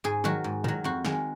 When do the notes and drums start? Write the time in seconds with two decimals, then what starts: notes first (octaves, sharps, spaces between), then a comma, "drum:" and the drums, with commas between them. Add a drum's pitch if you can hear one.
0.04 G#2 G#4
0.24 D#3 F#3 F#4, drum: tom E3
0.44 G#2
0.64 D#3 F#3, drum: tom
0.84 F2 F#4
1.05 D#3 G#3, drum: snare